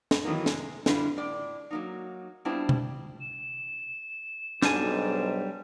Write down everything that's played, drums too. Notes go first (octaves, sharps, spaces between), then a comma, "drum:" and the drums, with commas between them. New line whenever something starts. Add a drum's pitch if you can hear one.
drum: snare
D#3 E3 F#3 A#3 D#4
C3 G#3, drum: snare
D3 G3 D4 E4 F4 B4, drum: snare
A2 D5
F#3 A#3 D#4
G3 B3 C4 D4 E4 F4
drum: tom B2
E7
B1 G#2 G3 D4 G#5, drum: snare